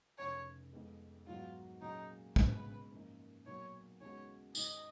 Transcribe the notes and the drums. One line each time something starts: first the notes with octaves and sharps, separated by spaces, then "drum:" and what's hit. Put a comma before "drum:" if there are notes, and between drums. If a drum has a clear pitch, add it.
F1 F2 C#3 F3 C#5
F2 D#3 G#3 B3
G#2 F#3 B3 F4 F#4
A#2 F#3 A#3 C#4 D#4 G#4
C#2 B2 G#3 B4, drum: kick
G#1 F#2 F3 A#3 D#4
B1 A#2 F#3 B3 C#5
D#2 C#3 G#3 B3 F#4 C#5
G#1 G#2 D#3 D#5, drum: tambourine